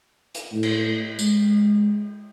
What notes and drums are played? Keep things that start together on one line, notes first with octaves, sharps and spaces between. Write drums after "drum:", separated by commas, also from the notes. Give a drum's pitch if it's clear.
drum: hi-hat
A2
drum: cymbal
G#3, drum: tambourine